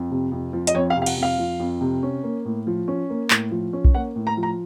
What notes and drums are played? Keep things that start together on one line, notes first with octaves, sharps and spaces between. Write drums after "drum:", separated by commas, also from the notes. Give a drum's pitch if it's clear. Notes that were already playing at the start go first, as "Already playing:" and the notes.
Already playing: F2
C3
F2
F3
D#5, drum: hi-hat
F2 C#5
F5
C3
F5
F#5, drum: cymbal
F2
F5
F3
F2
C3
C#4
A#3
A2
F3
C#4
A#3
A2, drum: clap
F3
C#4
drum: kick B1
A#3 F#5
A2
A#5
F3
A#5